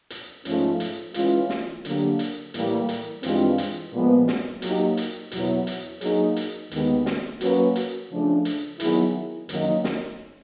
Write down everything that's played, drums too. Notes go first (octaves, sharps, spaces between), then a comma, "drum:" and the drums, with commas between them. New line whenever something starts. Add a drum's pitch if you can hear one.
drum: hi-hat
G#2 F3 A3 C#4 F4, drum: hi-hat
drum: hi-hat
E3 G#3 C#4 F4, drum: hi-hat
drum: snare
D3 F#3 A#3 D4 G4, drum: hi-hat
drum: hi-hat
A2 E3 G3 A#3, drum: hi-hat
drum: hi-hat
G2 E3 G#3 C4 F4, drum: hi-hat
drum: hi-hat
A#2 F3 G#3 B3
drum: snare
F#3 A#3 D#4 G4, drum: hi-hat
drum: hi-hat
E2 B2 F#3 B3 E4, drum: hi-hat
drum: hi-hat
F#3 A#3 D#4 G#4, drum: hi-hat
drum: hi-hat
D#2 D#3 G#3 B3, drum: hi-hat
drum: snare
F#3 A#3 C#4 F#4 B4, drum: hi-hat
drum: hi-hat
C#3 F3 A3 D4
drum: hi-hat
D#3 F#3 B3 E4 G#4, drum: hi-hat
F#2 D#3 F#3 A#3 D#4, drum: hi-hat
drum: snare